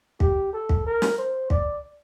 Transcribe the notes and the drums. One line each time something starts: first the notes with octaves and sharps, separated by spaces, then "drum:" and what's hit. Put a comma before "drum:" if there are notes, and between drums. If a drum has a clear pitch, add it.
G4, drum: kick
A4
drum: kick
A#4
drum: snare
C5
D5, drum: kick